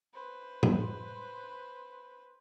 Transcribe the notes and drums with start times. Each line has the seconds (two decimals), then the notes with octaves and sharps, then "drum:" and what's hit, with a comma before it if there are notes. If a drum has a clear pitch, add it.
0.13 B4 C5
0.63 drum: tom A2